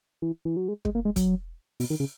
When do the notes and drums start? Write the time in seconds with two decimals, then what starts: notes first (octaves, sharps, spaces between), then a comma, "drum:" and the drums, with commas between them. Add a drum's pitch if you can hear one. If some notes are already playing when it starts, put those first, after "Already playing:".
0.22 E3
0.45 E3
0.57 F#3
0.68 G#3
0.85 G#3, drum: kick
0.95 A#3
1.05 G#3
1.16 F#3, drum: kick, hi-hat
1.80 B2, drum: open hi-hat
1.90 D#3
2.00 C#3